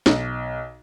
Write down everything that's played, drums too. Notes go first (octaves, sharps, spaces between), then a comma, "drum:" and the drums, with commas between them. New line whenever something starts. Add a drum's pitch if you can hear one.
B1, drum: snare